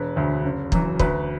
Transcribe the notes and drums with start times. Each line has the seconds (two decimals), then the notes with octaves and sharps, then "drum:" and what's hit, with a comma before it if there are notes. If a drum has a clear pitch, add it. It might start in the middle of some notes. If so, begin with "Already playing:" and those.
Already playing: E1 B4
0.16 D2 D3
0.44 F#1
0.72 F#2 E3, drum: kick
0.99 D2 B4, drum: kick